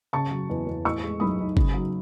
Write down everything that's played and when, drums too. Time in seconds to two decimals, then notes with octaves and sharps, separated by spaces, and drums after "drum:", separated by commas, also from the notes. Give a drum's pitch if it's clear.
0.13 C#3 A5 C#6
0.31 F#3
0.50 E2
0.67 E2
0.85 A2 C#6 E6
1.03 G#3
1.20 B1 B5 D#6
1.39 D#4
1.57 C#3, drum: kick G1
1.74 F#3